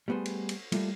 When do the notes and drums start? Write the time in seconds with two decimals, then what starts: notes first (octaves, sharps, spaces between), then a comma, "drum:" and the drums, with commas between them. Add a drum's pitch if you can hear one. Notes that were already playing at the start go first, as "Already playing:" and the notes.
0.08 G3 A3 B3 G#4 C5
0.25 drum: cymbal
0.49 drum: cymbal
0.72 G3 A3 A#3 F4 A4, drum: cymbal